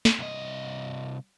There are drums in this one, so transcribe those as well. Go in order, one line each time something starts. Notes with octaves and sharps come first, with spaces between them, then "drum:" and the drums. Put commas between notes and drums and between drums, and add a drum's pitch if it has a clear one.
drum: snare
C2 D#5